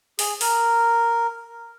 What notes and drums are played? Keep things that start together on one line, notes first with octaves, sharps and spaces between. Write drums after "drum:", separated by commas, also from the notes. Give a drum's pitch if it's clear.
G#4, drum: open hi-hat
A#4, drum: open hi-hat